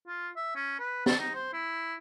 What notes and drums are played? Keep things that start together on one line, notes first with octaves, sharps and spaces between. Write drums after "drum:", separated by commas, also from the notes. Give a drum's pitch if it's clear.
F4
E5
C#4
B4
A4, drum: snare
D#4
C5
E4